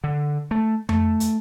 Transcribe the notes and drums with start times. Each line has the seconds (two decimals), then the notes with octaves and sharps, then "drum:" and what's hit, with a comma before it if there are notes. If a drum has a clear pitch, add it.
0.04 D3
0.51 A3
0.89 A3, drum: tom F2
1.20 drum: hi-hat